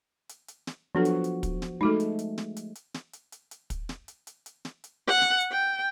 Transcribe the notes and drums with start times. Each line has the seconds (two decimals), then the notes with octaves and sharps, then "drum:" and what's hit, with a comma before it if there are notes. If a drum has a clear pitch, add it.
0.29 drum: hi-hat
0.48 drum: hi-hat
0.67 drum: snare
0.95 F3 F#3 B3 D4 F#4 A4
1.05 drum: hi-hat
1.24 drum: hi-hat
1.43 drum: kick, hi-hat
1.62 drum: snare
1.81 G#3 A3 D#4 F#4 A4
2.00 drum: hi-hat
2.19 drum: hi-hat
2.38 drum: snare
2.56 drum: hi-hat
2.75 drum: hi-hat
2.94 drum: snare
3.13 drum: hi-hat
3.32 drum: hi-hat
3.51 drum: hi-hat
3.70 drum: kick, hi-hat
3.89 drum: snare
4.08 drum: hi-hat
4.27 drum: hi-hat
4.46 drum: hi-hat
4.65 drum: snare
4.84 drum: hi-hat
5.07 F#5
5.22 drum: snare
5.40 drum: hi-hat
5.52 G5